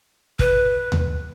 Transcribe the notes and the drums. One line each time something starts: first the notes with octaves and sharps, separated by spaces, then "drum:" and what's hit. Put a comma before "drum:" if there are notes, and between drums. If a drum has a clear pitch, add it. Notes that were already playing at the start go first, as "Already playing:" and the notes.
B4, drum: kick
drum: tom D#2